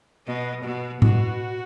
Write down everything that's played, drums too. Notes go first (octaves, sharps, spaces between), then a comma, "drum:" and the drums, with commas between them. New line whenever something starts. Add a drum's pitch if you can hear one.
B2 D#5
B2 F#4
B2 F#4, drum: tom A2